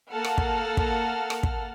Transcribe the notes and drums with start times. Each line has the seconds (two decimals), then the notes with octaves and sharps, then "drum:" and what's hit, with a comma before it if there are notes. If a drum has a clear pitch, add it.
0.11 A#3 A4 F#5 A5 F6
0.24 drum: rim click
0.38 drum: kick
0.77 drum: kick
1.30 drum: rim click
1.43 drum: kick